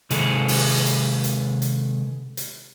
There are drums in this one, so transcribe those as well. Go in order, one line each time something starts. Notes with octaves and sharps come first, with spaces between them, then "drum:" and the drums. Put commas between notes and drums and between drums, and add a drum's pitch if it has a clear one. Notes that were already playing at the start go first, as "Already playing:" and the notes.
C3 D#3 G#3 G#4 A4, drum: hi-hat
drum: open hi-hat
drum: hi-hat
drum: hi-hat
drum: hi-hat
drum: hi-hat